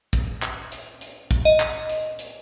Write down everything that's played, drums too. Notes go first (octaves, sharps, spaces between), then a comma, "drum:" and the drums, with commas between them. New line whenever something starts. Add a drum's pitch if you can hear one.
drum: kick, hi-hat
drum: clap
drum: hi-hat
drum: hi-hat
drum: kick, hi-hat
D#5
drum: clap
drum: hi-hat
drum: hi-hat